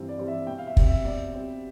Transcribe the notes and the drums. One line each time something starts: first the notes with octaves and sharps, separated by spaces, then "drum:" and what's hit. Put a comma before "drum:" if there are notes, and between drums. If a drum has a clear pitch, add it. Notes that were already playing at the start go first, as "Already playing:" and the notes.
Already playing: G2 E3 G3 C4
D5
E3 G3 C4
E5
B2 G5
F5
E5
G3 C4, drum: kick
E5
B2 D5
G3 C4